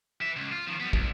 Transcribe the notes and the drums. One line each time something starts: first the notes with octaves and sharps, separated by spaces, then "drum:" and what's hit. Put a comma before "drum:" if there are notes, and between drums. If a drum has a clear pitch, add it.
B4 E5
C#2
F4
D#3 F3
G3 B3
C2, drum: kick